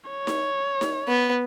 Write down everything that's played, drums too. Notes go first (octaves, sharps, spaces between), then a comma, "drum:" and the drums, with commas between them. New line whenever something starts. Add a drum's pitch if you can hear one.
C#5
drum: snare D#4
drum: snare D#4
B3